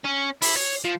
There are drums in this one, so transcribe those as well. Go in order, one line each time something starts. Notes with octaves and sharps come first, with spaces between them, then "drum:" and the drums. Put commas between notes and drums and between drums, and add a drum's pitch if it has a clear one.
C#4
E4, drum: open hi-hat
C#5
F3